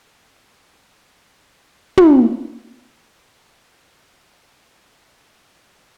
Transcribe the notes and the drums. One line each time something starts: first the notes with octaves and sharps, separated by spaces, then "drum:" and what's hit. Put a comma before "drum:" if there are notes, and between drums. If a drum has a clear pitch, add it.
G#4
G#4
A#4
A#4
B4
drum: tom
A#4
F#4
F4
F#4
F4
C#4
A#3